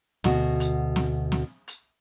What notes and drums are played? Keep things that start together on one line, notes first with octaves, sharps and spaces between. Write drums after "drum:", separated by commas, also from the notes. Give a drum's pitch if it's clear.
D2 B2 F#4, drum: snare
drum: hi-hat
drum: snare
drum: snare
drum: hi-hat